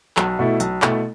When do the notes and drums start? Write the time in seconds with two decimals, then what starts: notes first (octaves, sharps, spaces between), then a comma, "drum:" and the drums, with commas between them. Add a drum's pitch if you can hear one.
0.17 B1, drum: clap
0.39 B2 A3 E4
0.60 B1, drum: hi-hat
0.82 B2 A3 E4, drum: clap